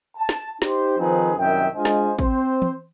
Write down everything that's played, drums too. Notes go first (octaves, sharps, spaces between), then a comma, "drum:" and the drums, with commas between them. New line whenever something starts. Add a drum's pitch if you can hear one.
A5
drum: snare
D#4 G4 C5, drum: snare
D#3 F3 C4 D#4 G#4 B4
C2 F#2 D#3 E5 G5
G#3 D4 F4 C5 D#5 G#5
drum: snare
C4 C5, drum: kick
drum: tom E3